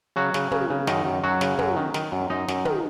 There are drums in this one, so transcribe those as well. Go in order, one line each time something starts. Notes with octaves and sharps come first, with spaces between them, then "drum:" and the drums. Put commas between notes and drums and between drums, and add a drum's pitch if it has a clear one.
C#3 F#3 F#4
C#3, drum: snare
C#3, drum: tom
C#3
F#2 D#3 D#4, drum: snare
F#2
F#2 F#3 F#4
C#3, drum: snare
F#2, drum: tom
D#3
D#3, drum: snare
F#2
F#2 D#4 D#5
F#2, drum: snare
D#3, drum: tom